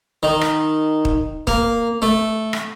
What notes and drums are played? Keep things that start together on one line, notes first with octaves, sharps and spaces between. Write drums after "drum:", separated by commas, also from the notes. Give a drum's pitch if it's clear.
D#3
drum: rim click
drum: kick
A#3, drum: kick
A3
drum: rim click